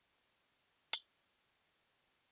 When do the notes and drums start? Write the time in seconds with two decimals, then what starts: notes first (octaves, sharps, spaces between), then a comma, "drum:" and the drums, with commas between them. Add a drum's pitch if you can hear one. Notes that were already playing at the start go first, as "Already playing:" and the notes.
0.11 F#3
0.93 drum: hi-hat
1.84 G3 C5
2.07 C4 F#5 G#5